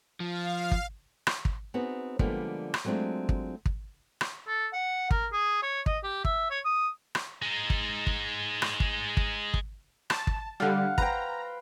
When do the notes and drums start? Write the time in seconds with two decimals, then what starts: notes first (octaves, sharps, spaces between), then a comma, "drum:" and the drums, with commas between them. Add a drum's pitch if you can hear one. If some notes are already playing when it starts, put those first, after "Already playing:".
0.20 F3 F5
0.71 drum: kick
1.27 drum: rim click
1.45 drum: kick
1.74 B3 C4 D#4 F#4 G#4
2.19 D3 F3 G3 G#3 A#3 B3, drum: kick
2.74 drum: rim click
2.85 F#3 G#3 A3 C4 D4 F4
3.29 drum: kick
3.66 drum: kick
4.21 drum: rim click
4.47 A4
4.73 F#5
5.11 A#4, drum: kick
5.32 G#4
5.62 C#5
5.86 D#5, drum: kick
6.03 G4
6.25 E5, drum: kick
6.50 C#5
6.65 D#6
7.15 drum: rim click
7.42 G#3 D#4
7.70 drum: kick
8.07 drum: kick
8.62 drum: rim click
8.80 drum: kick
9.17 drum: kick
9.54 drum: kick
10.10 A5, drum: rim click
10.27 drum: kick
10.60 D3 G3 F5 F#5
10.98 B4 C5 G5 A#5, drum: kick